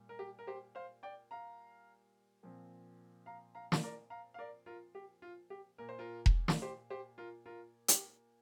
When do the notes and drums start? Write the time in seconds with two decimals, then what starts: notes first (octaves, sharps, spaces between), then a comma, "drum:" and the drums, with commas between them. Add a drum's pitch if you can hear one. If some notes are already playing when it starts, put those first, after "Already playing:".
Already playing: A#2 G3
0.09 A#4
0.19 G4
0.39 A#4
0.47 G4 C5
0.75 C5 F5
1.03 D5 G5
1.31 F5 A#5
2.43 A#2 F3 C4
3.26 F5 A#5
3.55 F5 A#5
3.72 drum: snare
3.83 A#4 D5
4.10 F5 A#5
4.34 F5
4.38 A#4 D5
4.66 F4 A#4
4.95 G4
5.22 F4
5.50 G4
5.78 A#2 A#3 A#4
5.89 C5
5.99 F4 A#4
6.26 drum: kick E1
6.48 drum: snare
6.62 G4 C5
6.90 G4 C5
7.18 F4 A#4
7.46 F4 A#4
7.88 G4, drum: hi-hat